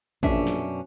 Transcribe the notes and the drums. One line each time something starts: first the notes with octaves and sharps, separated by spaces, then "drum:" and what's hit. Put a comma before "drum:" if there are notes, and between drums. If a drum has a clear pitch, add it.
A#1 F#2 B2 C#4 D4 E5, drum: kick A1
drum: snare